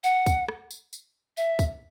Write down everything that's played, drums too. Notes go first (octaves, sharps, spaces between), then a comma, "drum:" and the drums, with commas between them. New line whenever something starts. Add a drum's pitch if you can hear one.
F#5, drum: tambourine
drum: kick, tambourine
drum: rim click
drum: tambourine
drum: tambourine
E5, drum: tambourine
drum: kick, tambourine